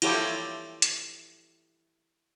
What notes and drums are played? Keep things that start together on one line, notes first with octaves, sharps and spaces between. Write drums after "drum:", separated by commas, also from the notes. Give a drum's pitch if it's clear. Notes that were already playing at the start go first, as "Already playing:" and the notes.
E4 F4 G4 A4 C#5, drum: cymbal
drum: hi-hat